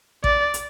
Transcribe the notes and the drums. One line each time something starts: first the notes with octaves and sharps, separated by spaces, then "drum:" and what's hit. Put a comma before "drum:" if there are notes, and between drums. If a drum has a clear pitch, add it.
D5, drum: kick A1
drum: hi-hat